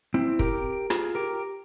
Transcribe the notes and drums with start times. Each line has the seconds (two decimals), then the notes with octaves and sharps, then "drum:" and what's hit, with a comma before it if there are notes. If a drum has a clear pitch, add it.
0.14 C4 E4
0.39 G4 A#4, drum: kick
0.90 F4 G#4, drum: rim click
1.15 G4 A#4